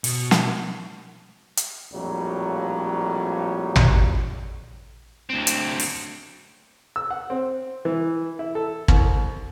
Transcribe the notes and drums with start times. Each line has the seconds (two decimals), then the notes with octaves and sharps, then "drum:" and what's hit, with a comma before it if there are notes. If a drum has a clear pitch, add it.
0.04 B2, drum: open hi-hat
0.31 drum: snare
1.57 drum: hi-hat
1.92 A#1 F2 A2 F#3 G3
3.76 drum: tom
5.30 D2 C4
5.47 drum: hi-hat
5.80 drum: open hi-hat
6.96 E6
7.11 F#5
7.30 C4
7.85 E3
8.39 E4
8.55 A4
8.88 C2, drum: kick